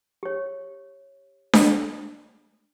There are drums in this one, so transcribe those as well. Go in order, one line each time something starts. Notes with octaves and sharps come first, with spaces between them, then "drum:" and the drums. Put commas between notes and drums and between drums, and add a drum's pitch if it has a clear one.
G4 C#5
drum: snare D4